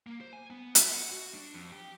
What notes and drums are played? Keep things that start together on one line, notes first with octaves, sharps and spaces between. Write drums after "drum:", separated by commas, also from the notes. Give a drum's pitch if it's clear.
A#3
C5
G#5
B3
E5, drum: hi-hat
F#5
F#4
D4
F2
G4